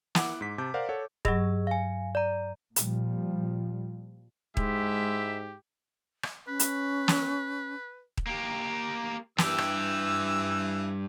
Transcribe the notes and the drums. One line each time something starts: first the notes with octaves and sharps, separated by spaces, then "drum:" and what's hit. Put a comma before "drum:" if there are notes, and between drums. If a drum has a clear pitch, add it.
E4 F#5 D6, drum: snare
G#2 B6
C3 A5 D6 G6
A#4 C5 D5 F5 F#5
A4 C#5 F#5
G2 F#3 G#4 D#5 E6, drum: kick D#1
F5 G#5
D5 A#5
A#2 F3 G3, drum: hi-hat
G#2 G#3 E4 G4 E5, drum: kick D#1
drum: rim click
C#4 B4
drum: hi-hat
drum: snare
drum: kick D#1
A#3 G4
G2 E3 G4 E6, drum: snare
drum: rim click